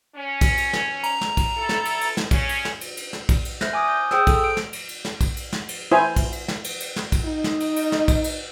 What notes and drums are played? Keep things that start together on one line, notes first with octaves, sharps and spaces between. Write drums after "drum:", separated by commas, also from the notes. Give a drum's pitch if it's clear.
C#4
drum: kick, cymbal
drum: cymbal
drum: snare
A#5, drum: cymbal
drum: snare
drum: kick, cymbal
E4 A4
drum: snare
drum: cymbal
drum: cymbal
drum: snare
C#3 C#4, drum: kick, cymbal
drum: cymbal
drum: snare
drum: cymbal
drum: cymbal
drum: snare
drum: kick, cymbal
drum: cymbal
C5 E5 F6 F#6 A#6, drum: snare
G#5 D6 D#6 F6
G6
G#4 C5 G5 D#6 E6, drum: snare
A4, drum: kick, cymbal
D7
drum: snare
drum: cymbal
drum: cymbal
drum: snare
drum: kick, cymbal
drum: cymbal
drum: snare
drum: cymbal
E4 C5 G#5
drum: kick, cymbal
drum: cymbal
drum: snare
drum: cymbal
drum: cymbal
drum: snare
drum: kick, cymbal
D#4
drum: snare
drum: cymbal
drum: cymbal
drum: snare
drum: kick, cymbal
drum: cymbal